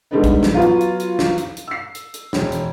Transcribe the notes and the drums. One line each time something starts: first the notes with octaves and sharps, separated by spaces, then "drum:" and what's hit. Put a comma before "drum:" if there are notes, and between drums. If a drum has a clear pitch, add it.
D3 D#3 G3 G#3 B3 D#4
drum: kick A#1, hi-hat
drum: snare
F#3 B3 F4
drum: hi-hat
drum: hi-hat
drum: hi-hat
drum: snare
drum: hi-hat
drum: hi-hat
E6 C7
drum: hi-hat
drum: hi-hat
E1, drum: snare
drum: hi-hat